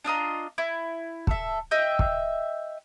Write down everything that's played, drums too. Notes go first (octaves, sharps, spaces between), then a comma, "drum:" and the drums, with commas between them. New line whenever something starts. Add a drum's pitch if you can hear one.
D4 F4 D#5 A#5
E4
A4 E5, drum: kick
D#5 E5 G5
drum: kick